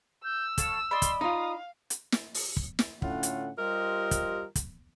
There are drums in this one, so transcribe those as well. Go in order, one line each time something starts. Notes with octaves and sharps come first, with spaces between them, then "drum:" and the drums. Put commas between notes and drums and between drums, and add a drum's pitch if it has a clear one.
E6 G6
A4 C#5 F5 E7, drum: kick, hi-hat
D5 D#5 B5 C6
drum: kick, hi-hat
D#4 F4 F5 D#6
drum: hi-hat
drum: snare
drum: open hi-hat
drum: kick
drum: snare
A2 D3 C#4 F4 F#5, drum: kick
drum: hi-hat
G3 F4 G4 A#4 C5 D#5
drum: kick, hi-hat
drum: kick, hi-hat